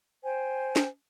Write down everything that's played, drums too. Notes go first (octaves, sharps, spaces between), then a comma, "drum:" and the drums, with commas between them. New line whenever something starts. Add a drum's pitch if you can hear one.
C5 G5 G#5
drum: snare